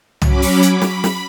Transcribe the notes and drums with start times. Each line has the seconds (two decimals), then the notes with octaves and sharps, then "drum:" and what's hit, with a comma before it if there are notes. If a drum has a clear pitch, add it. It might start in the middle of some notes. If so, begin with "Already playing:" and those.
0.22 F#3 C#4 B5 D6, drum: tom
0.42 drum: open hi-hat
0.63 drum: hi-hat
0.81 B5, drum: snare
1.04 drum: snare